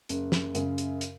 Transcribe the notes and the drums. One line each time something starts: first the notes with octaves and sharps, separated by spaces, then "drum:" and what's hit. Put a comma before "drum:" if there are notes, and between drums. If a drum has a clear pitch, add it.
F#1, drum: hi-hat
drum: snare
F#2 C#3, drum: hi-hat
drum: hi-hat
drum: hi-hat